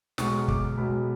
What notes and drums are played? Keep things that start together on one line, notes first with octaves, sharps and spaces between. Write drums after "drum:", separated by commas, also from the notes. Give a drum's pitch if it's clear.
B1 B2 G#3 C#6, drum: snare
D6, drum: kick
B1 B2 G#3 B5